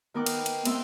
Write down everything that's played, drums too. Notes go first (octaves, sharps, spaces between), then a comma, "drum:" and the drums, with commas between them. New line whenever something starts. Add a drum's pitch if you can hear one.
D#3 B3 A#4 G5 D6 F#6
drum: cymbal
drum: cymbal
B3 C4 E5 G5, drum: cymbal